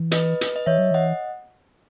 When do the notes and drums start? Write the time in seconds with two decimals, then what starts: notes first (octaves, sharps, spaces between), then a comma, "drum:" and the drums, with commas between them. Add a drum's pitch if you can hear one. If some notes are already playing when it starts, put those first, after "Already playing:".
Already playing: E3
0.11 B4 D#5, drum: hi-hat
0.41 drum: hi-hat
0.56 D#5
0.66 E3 C#5 E5
0.79 F#3
0.91 E3 D#5 F#5